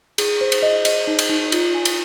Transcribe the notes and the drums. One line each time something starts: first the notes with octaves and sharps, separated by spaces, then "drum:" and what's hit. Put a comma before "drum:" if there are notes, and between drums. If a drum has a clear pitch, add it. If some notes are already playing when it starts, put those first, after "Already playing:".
G#4, drum: cymbal
C5
drum: cymbal
D#5
D#5, drum: cymbal
D#4
drum: cymbal
D#4
F4, drum: cymbal
G#5
drum: cymbal